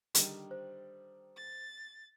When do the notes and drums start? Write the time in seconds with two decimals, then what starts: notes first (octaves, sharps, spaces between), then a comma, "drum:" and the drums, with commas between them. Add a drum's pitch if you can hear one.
0.15 D3 D#3 G3, drum: hi-hat
0.51 C5
1.37 A6